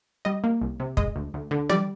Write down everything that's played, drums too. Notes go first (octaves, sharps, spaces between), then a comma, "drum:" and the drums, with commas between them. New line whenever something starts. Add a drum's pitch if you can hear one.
G3 D#5
A#3
C2
C3
G#3 D#5, drum: kick
D2
D2
D3
G3 D5, drum: tom